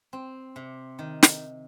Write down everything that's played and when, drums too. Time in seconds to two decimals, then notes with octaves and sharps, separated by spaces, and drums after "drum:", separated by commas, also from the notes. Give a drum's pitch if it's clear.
0.13 C4
0.56 C3
0.99 D#3
1.23 drum: snare